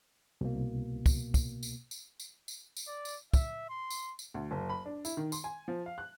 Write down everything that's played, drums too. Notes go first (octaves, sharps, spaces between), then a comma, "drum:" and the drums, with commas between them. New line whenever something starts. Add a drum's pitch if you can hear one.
C2 B2 A#3
drum: kick, tambourine
drum: kick, tambourine
drum: tambourine
drum: tambourine
drum: tambourine
drum: tambourine
drum: tambourine
D5
drum: tambourine
E5, drum: kick, tambourine
C6
drum: tambourine
drum: tambourine
D2
F#1
B5
D4
E4, drum: tambourine
D#3
C6, drum: tambourine
G#5
F3
F5
F#6